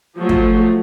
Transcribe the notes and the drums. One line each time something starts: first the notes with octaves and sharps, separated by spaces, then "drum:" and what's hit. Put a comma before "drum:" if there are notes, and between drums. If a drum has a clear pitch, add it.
F3 F#3 A3
drum: kick